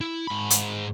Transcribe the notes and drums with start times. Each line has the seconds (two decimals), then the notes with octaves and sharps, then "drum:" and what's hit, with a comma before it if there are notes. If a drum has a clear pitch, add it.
0.01 E4
0.27 G#2 B5
0.50 drum: hi-hat